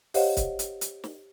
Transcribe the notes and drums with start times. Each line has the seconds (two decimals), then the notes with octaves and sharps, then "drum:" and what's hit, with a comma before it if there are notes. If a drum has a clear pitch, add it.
0.14 G4 C5 C#5 D#5 F5 F#5, drum: open hi-hat
0.37 drum: kick C#1, hi-hat
0.59 drum: hi-hat
0.81 drum: hi-hat
1.04 drum: snare